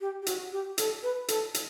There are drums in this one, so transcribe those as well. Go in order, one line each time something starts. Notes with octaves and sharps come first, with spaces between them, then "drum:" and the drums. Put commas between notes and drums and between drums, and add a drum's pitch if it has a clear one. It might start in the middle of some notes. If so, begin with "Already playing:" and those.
G4
G4
F#4, drum: hi-hat
G4
A4, drum: hi-hat
B4
A4, drum: hi-hat
drum: hi-hat